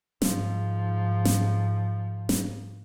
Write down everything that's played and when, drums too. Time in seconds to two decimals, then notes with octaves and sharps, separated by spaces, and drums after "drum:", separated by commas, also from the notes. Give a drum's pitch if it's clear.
0.22 G#2 F3, drum: snare
1.25 drum: snare
2.29 drum: snare